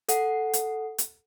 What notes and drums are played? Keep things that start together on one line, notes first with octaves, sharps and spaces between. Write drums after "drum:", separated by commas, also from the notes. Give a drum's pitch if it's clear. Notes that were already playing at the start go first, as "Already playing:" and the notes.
A4 F#5, drum: hi-hat
drum: hi-hat
drum: hi-hat